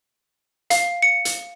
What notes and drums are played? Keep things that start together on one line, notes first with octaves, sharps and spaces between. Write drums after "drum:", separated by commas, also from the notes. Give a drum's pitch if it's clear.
F5, drum: hi-hat
C#7
drum: hi-hat